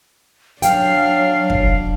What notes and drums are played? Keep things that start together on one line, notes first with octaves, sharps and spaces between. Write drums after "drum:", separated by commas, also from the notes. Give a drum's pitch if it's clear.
F#3 D4 F5 G5, drum: hi-hat
drum: kick